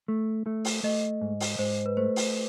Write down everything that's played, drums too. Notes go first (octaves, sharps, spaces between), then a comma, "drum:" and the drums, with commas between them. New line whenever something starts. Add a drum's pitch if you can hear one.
A3
A3
drum: open hi-hat
A3 D#5
G#2
drum: open hi-hat
G#2 C5
B4
A3 C5
drum: open hi-hat